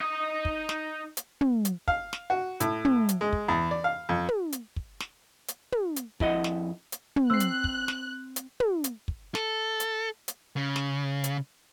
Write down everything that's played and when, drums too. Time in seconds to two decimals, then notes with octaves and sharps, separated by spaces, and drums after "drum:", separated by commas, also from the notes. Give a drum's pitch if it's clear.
0.01 D#4 D#5
0.45 drum: kick
0.69 drum: snare
1.17 drum: hi-hat
1.41 drum: tom
1.65 drum: hi-hat
1.88 F5, drum: kick
2.13 drum: snare
2.30 F#4
2.60 A2, drum: hi-hat
2.85 drum: tom
3.09 drum: hi-hat
3.21 G#3
3.33 drum: kick
3.48 E2
3.71 D5
3.84 F5
4.09 F2
4.28 drum: tom
4.52 drum: hi-hat
4.76 drum: kick
5.00 drum: snare
5.48 drum: hi-hat
5.72 drum: tom
5.96 drum: hi-hat
6.20 F2 E4 D#5 F#5, drum: kick
6.44 drum: snare
6.92 drum: hi-hat
7.16 drum: tom
7.30 C4 E6 F#6 C7
7.40 drum: hi-hat
7.64 drum: kick
7.88 drum: snare
8.36 drum: hi-hat
8.60 drum: tom
8.84 drum: hi-hat
9.08 drum: kick
9.35 A4, drum: snare
9.80 drum: hi-hat
10.28 drum: hi-hat
10.56 C#3
10.76 drum: snare
11.24 drum: hi-hat